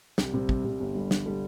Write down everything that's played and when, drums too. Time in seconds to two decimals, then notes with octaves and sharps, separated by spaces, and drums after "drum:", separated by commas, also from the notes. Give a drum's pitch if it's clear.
0.18 C2 G4, drum: snare
0.33 C3 G3
0.49 C2, drum: kick
0.64 C3 G3
0.79 G1 G4
0.94 G2 D3 G3
1.11 G1, drum: snare
1.26 D3 G3